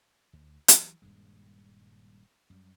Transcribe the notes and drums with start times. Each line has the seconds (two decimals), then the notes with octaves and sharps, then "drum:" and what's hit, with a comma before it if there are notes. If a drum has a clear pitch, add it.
0.33 D2
0.68 E3 F#3, drum: hi-hat
1.02 D#1 G2 G#3
2.50 F#2 G3